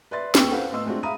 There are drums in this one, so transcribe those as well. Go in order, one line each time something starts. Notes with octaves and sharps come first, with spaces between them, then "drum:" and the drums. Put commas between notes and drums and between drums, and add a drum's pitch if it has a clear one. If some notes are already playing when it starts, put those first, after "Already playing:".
B4 D5 E5 C6 A6
D#2 B3 G5 C#6 E6, drum: snare
A4 B4 C5 F5 F#5
A2 B3 D#5 C6 E6
G#3 A3 C4 D4 F4 F#4
E5 F5 A#5 B5 D#6 D#7